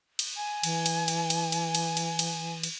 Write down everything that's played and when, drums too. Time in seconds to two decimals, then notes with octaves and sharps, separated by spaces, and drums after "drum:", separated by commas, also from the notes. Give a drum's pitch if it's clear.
0.19 drum: cymbal
0.37 G#5
0.63 E3, drum: cymbal
0.86 drum: cymbal
1.08 drum: cymbal
1.30 drum: cymbal
1.52 drum: cymbal
1.75 drum: cymbal
1.97 drum: cymbal
2.19 drum: cymbal
2.63 drum: cymbal